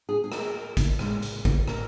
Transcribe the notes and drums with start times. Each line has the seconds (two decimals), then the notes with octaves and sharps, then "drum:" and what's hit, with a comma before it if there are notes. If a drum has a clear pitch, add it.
0.09 G#4
0.24 G#4
0.32 A#4, drum: rim click
0.77 drum: kick, hi-hat
0.99 A#2 G#3, drum: rim click
1.22 drum: hi-hat
1.45 drum: kick
1.68 A#4, drum: rim click